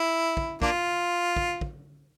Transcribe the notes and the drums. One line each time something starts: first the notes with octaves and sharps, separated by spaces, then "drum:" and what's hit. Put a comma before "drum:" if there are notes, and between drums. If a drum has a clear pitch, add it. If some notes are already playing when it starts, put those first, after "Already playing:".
Already playing: E4
drum: kick
A#3 D4 F4, drum: kick
drum: kick
drum: kick